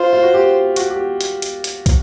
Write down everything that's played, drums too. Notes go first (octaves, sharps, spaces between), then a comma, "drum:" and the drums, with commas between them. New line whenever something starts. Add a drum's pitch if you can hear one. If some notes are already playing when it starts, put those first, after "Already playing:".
Already playing: F4 C5
F4
F#4
G4
F#4, drum: hi-hat
G4
drum: hi-hat
drum: hi-hat
drum: hi-hat
drum: kick, hi-hat